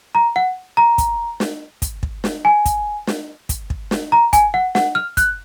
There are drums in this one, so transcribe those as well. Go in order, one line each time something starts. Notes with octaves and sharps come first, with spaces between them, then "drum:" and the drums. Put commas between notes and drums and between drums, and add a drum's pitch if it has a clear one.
A#5
F#5
A#5
drum: kick, hi-hat
drum: snare
drum: kick, hi-hat
drum: kick
drum: snare
G#5
drum: kick, hi-hat
drum: snare
drum: kick, hi-hat
drum: kick
drum: snare
A#5
G#5, drum: kick, hi-hat
F#5
F#5, drum: snare
F6
F#6, drum: kick, hi-hat